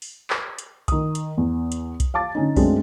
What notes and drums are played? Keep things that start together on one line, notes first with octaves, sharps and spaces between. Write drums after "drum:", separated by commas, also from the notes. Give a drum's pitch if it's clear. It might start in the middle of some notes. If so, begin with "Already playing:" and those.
drum: open hi-hat
drum: clap
drum: hi-hat
D#3 D#6, drum: kick B1, hi-hat
drum: hi-hat
E2
drum: hi-hat
drum: kick B1, hi-hat
F5 A5 D6 A6
D3 C#4 D#4
F#2 G#3 A3 C4 D4, drum: kick B1, open hi-hat